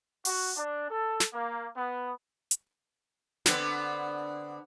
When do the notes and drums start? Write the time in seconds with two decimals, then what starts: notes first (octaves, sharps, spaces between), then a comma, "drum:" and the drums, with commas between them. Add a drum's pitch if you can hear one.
0.25 F#4, drum: open hi-hat
0.57 D4
0.90 A4
1.20 drum: snare
1.33 A#3
1.77 B3
2.51 drum: hi-hat
3.46 D3 B3 C4, drum: snare